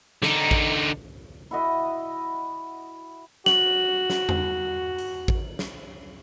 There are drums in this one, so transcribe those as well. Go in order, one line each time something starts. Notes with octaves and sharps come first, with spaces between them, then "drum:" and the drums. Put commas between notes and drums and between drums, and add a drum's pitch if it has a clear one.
D3 D#4, drum: snare
drum: kick A1
E4 F#4 D#5
F#4 F#7, drum: snare
drum: snare
drum: tom E2
drum: hi-hat
drum: kick A1
drum: snare